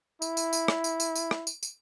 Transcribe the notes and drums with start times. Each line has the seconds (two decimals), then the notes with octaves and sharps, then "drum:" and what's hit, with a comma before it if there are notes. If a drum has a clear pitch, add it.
0.22 E4, drum: tambourine
0.37 drum: tambourine
0.53 drum: tambourine
0.68 drum: rim click
0.84 drum: tambourine
1.00 drum: tambourine
1.15 drum: tambourine
1.31 drum: rim click
1.47 drum: tambourine
1.63 drum: tambourine